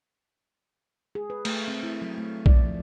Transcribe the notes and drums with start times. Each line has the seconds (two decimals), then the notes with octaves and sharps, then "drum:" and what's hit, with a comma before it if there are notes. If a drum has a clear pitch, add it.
1.15 G#4
1.30 B4
1.45 A3, drum: cymbal
1.68 C4
1.83 E4
2.02 F#3
2.18 A3
2.46 D5, drum: kick A#1
2.65 F3